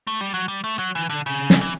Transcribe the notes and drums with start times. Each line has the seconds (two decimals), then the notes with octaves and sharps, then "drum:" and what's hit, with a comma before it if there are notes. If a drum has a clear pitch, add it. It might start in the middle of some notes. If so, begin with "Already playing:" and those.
0.07 A3
0.21 G3
0.34 F#3
0.48 G3
0.64 A3
0.79 F#3
0.95 E3
1.10 D3
1.26 C#3
1.50 drum: snare
1.61 E3